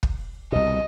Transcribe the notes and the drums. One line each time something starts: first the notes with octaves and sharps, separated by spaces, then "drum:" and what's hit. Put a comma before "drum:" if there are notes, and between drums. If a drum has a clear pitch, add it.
drum: kick
C2 B2 D#5